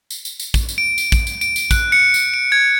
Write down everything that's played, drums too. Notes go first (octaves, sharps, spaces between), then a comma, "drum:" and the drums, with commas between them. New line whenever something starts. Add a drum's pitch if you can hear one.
drum: tambourine
drum: tambourine
drum: tambourine
drum: kick, tambourine
drum: tambourine
D7
drum: tambourine
drum: kick, tambourine
drum: tambourine
D7, drum: tambourine
drum: tambourine
F#6, drum: kick, tambourine
C#7
drum: tambourine
D7
G#6